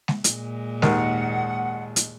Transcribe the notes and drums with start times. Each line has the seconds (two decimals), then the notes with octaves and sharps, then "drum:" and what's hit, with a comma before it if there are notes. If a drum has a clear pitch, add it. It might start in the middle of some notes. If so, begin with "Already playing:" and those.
0.08 drum: snare G#3
0.24 A#2 G#3, drum: hi-hat
0.82 D#2 G#2 A#4 F#5, drum: snare G#3
1.96 drum: hi-hat